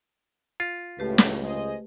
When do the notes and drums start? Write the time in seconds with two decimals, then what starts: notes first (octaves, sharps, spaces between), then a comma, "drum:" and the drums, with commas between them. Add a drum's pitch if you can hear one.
0.60 F4
0.99 C#2 A2 A3 G4 B4
1.18 drum: snare
1.42 G#4 C5 D#5